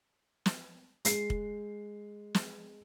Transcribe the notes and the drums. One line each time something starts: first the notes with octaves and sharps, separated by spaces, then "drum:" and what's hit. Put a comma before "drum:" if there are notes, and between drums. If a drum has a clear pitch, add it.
drum: snare
G#3 C7, drum: hi-hat
drum: kick
drum: snare